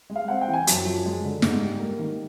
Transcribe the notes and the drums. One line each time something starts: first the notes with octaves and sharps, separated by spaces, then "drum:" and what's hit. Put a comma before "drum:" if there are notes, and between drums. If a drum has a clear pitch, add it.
G#3
F5
C4 F#5
G5
E3
G#5
F#2 A5, drum: hi-hat
F3
G#3
D3
G#2, drum: snare
G3
A#3
D#3